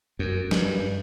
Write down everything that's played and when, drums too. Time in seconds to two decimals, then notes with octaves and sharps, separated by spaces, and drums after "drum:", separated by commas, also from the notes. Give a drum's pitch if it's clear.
0.19 F#2
0.51 G2, drum: snare